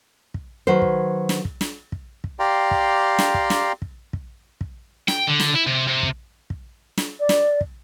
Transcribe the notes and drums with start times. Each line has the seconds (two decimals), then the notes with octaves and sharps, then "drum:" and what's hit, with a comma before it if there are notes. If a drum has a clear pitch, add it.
0.34 drum: kick
0.67 D#3 F#3 B4 C5
0.82 drum: kick
1.29 drum: snare
1.45 drum: kick
1.61 drum: snare
1.92 drum: kick
2.24 drum: kick
2.39 G4 D5 F5 G5 A#5 C6
2.71 drum: kick
3.19 drum: snare
3.34 drum: kick
3.50 drum: snare
3.82 drum: kick
4.13 drum: kick
4.61 drum: kick
5.08 G5, drum: snare
5.27 D3
5.40 drum: snare
5.55 E4
5.67 C3
5.88 C3
6.03 drum: kick
6.50 drum: kick
6.98 drum: snare
7.20 D5
7.29 drum: snare
7.61 drum: kick